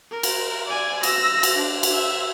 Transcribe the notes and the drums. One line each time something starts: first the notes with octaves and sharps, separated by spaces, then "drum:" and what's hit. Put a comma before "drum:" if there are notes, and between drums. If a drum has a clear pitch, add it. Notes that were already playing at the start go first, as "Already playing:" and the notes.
A#4
drum: cymbal
D5 G#5
E6 A#6, drum: cymbal
drum: cymbal
D4
drum: cymbal
E5